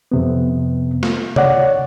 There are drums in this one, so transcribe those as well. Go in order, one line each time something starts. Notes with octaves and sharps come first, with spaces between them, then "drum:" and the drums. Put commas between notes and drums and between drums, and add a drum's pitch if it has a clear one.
F2 C3 B3
drum: snare
C#5 D5 F#5, drum: tom C3